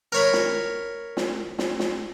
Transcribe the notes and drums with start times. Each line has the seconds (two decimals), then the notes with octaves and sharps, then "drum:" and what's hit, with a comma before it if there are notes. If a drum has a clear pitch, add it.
0.12 A#4 C#5 B5
0.33 drum: snare
1.17 drum: snare
1.59 drum: snare
1.79 drum: snare